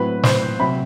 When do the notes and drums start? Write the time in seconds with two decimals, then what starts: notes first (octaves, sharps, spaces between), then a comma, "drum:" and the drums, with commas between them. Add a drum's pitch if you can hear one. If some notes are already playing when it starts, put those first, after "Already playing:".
Already playing: A2 F#3 C4 B4
0.23 C5, drum: snare
0.59 C3 F#3 C4 B5